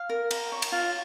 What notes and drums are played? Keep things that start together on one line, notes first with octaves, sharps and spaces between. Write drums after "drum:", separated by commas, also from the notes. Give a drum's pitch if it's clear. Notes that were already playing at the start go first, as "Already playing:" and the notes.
Already playing: F5
A#4
A#5, drum: cymbal
C#5
drum: cymbal
F4